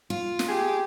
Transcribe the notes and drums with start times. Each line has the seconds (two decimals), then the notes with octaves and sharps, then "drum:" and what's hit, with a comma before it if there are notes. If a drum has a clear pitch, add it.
0.10 F4
0.39 drum: snare
0.48 G4 G#4